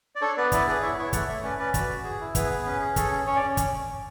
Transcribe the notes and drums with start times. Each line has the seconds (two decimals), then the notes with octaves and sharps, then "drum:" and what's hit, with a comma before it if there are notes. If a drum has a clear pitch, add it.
0.16 D5
0.21 D4 A4 C#5
0.37 B3 B4 D5
0.52 E4 B4 D5, drum: kick, hi-hat
0.67 G#4 B4 D5
0.82 E4 C#5 E5
0.97 E4 C#5 E5
1.13 A3 D5 F#5, drum: kick, hi-hat
1.28 A3 C#5 E5
1.43 C#4 B4 D5
1.58 C#4 B4 D5
1.74 F#4 B4 D5, drum: kick, hi-hat
1.89 F#4
2.04 G#4
2.20 E4
2.35 B3 G#4 B4, drum: kick, hi-hat
2.51 B3
2.66 C#4
2.81 G#4
2.96 G#4 A4 C#5, drum: kick, hi-hat
3.11 C#4
3.27 C#4 C#5
3.36 D5
3.42 C#4
3.57 drum: kick, hi-hat